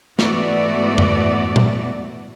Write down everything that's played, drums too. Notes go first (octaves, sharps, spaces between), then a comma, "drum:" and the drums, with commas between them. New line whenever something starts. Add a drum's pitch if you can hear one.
G#2 E3 A3 B3 F#4 D5, drum: snare
drum: tom F2
drum: tom A#2